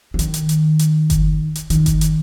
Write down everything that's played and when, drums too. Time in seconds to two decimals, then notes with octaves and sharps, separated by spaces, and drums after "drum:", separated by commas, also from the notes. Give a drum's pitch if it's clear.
0.14 F3
0.19 D#3, drum: hi-hat
0.34 drum: hi-hat
0.49 drum: hi-hat
0.79 drum: hi-hat
1.10 drum: kick F#1, hi-hat
1.55 drum: hi-hat
1.70 D#3, drum: hi-hat
1.86 drum: kick F#1, hi-hat
2.01 drum: hi-hat